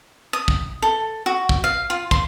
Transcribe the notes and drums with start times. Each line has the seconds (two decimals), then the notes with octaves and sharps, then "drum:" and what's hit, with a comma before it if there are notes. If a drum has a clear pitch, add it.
0.33 D#6
0.48 drum: kick
0.82 A4
1.26 F#4
1.49 drum: kick
1.64 F5
1.90 F4
2.11 C6, drum: kick